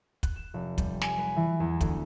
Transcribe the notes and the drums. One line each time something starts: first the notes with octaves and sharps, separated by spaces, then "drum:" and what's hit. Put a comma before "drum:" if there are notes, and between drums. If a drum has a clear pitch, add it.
F#6, drum: kick, hi-hat
E7
F1
G3, drum: kick, hi-hat
G#5, drum: snare
B4
E3
E2
D2, drum: kick, hi-hat